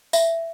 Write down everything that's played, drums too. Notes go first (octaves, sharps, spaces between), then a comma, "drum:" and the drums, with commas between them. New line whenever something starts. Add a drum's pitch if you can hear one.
E5, drum: tambourine